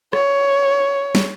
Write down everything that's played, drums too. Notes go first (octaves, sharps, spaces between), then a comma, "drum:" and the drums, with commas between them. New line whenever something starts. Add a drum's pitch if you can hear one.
C#5, drum: rim click
drum: snare